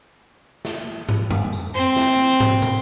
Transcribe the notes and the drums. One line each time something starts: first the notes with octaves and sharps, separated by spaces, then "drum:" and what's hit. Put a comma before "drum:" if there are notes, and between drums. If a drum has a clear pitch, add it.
drum: snare
drum: tom
drum: tom F2
drum: tambourine
C4
drum: snare
drum: tom
drum: tom